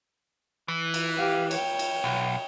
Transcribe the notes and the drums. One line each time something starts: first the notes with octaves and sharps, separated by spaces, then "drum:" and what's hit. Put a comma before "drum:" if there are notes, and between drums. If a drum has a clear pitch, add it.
E3
drum: cymbal
G4 F5
C#5 G5, drum: cymbal
drum: cymbal
B1